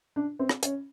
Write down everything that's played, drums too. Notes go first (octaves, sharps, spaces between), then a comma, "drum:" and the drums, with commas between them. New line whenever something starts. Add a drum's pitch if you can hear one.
D4
C4
drum: rim click
C#4, drum: hi-hat